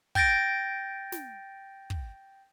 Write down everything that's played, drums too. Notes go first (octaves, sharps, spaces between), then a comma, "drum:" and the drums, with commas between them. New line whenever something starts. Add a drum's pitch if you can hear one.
G5 G6 A6 A#6 D7, drum: kick
drum: snare
drum: kick